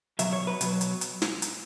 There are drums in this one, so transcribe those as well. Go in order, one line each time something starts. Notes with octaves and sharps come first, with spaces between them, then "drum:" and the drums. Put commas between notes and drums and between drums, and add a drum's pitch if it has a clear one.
B2 F#3 E5, drum: hi-hat
C#5
B4
B2 F#3, drum: hi-hat
drum: hi-hat
drum: hi-hat
drum: snare
drum: hi-hat